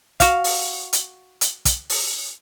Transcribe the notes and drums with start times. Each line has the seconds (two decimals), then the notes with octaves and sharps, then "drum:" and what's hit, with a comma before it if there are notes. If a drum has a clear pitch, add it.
0.20 F#4 F5, drum: kick, hi-hat
0.44 drum: open hi-hat
0.93 drum: hi-hat
1.41 drum: hi-hat
1.65 drum: kick, hi-hat
1.90 drum: open hi-hat